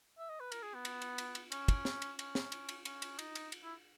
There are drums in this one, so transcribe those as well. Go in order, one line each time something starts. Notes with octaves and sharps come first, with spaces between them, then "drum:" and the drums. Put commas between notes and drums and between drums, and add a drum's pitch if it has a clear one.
E5
D#5
B4
A#4, drum: cymbal
G#4
B3
drum: cymbal
drum: cymbal
drum: cymbal
drum: cymbal
C#4, drum: cymbal
drum: kick, cymbal
drum: snare
drum: cymbal
C#4, drum: cymbal
drum: snare
drum: cymbal
drum: cymbal
C#4, drum: cymbal
drum: cymbal
D#4, drum: cymbal
drum: cymbal
drum: cymbal
E4